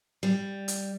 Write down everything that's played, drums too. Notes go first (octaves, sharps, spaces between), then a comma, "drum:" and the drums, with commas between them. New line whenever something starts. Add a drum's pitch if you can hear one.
G3
drum: hi-hat